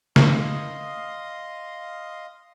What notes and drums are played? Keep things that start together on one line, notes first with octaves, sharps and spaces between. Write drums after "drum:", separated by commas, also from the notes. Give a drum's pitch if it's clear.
D#5 F5 C6 D#6, drum: snare